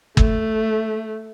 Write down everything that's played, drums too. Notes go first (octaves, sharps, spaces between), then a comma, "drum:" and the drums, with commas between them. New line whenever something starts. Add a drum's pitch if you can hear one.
A3, drum: kick